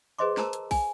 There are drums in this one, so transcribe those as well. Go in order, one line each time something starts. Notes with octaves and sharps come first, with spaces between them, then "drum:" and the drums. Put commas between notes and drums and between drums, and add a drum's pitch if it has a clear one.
G#4 B4 C5 D#5 C6 D6
A#4 C5 A5 A#5 E6, drum: snare
drum: hi-hat
G#5, drum: kick, open hi-hat